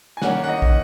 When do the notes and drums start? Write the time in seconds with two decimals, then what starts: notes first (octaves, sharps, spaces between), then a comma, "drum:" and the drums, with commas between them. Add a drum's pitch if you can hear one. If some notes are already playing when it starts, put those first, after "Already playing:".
0.17 G#5
0.22 D#3 A#3 C#4 F#5, drum: snare
0.44 F#5
0.48 D#5
0.62 drum: kick